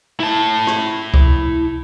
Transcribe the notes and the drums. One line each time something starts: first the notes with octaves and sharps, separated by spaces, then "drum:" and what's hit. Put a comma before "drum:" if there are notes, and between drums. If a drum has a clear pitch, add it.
E4 A5
drum: rim click
drum: kick C#2